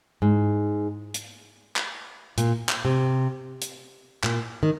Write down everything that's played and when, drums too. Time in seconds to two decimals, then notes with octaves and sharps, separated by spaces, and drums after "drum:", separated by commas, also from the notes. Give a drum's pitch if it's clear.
0.22 G#2
1.14 drum: hi-hat
1.76 drum: clap
2.38 A#2, drum: hi-hat
2.69 drum: clap
2.85 C3
3.62 drum: hi-hat
4.23 A#2, drum: clap
4.63 D#3